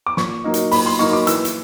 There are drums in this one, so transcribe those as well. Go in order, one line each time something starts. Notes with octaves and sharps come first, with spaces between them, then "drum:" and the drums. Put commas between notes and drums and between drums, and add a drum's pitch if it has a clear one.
D6
A#2 C#6, drum: snare
F#3 A#3 D#4
drum: hi-hat
A#2 B5, drum: open hi-hat
C6
F#3 A#3 D#4 C#6
D6
E3 E6, drum: hi-hat
drum: hi-hat